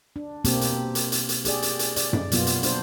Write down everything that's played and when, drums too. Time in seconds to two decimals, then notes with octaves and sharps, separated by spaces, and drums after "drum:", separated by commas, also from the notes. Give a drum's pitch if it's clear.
0.16 D4
0.45 B2 A#3 C4 G4, drum: hi-hat
0.61 drum: hi-hat
0.95 drum: hi-hat
1.12 drum: hi-hat
1.29 drum: hi-hat
1.45 G4 G#4 D5, drum: hi-hat
1.62 drum: hi-hat
1.79 drum: hi-hat
1.96 D5, drum: hi-hat
2.13 drum: tom F#2
2.32 B2 F#3 A#3 B3 F4, drum: hi-hat
2.47 drum: hi-hat
2.63 D4 C5, drum: hi-hat